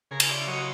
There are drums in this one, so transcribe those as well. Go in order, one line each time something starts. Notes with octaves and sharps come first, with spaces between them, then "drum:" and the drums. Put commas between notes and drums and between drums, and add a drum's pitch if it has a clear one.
C#3 G#4 A#4
drum: cymbal
D5 E5
F#3 C#5 D#5